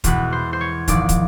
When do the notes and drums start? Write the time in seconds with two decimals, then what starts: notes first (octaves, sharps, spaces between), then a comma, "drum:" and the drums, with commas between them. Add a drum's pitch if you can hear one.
0.04 E2 B2 G#3 B4, drum: kick, hi-hat
0.33 C5
0.53 C5
0.61 C#5
0.88 G#1 G#2 F3 G#3 D5, drum: kick, hi-hat
1.09 drum: kick, hi-hat